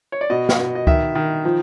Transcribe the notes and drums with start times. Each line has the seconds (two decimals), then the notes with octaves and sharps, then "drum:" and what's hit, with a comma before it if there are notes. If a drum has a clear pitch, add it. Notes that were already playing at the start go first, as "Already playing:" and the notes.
0.12 C#5
0.21 D5
0.30 B2 D#5
0.49 drum: snare
0.59 B2
0.75 D#5
0.87 D#3 E5, drum: kick C#2
1.15 D#3
1.45 F3